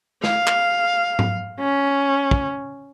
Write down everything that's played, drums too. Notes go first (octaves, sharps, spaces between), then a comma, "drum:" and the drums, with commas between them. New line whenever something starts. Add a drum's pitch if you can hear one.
F5, drum: snare
drum: clap
drum: tom G#2
C#4
drum: kick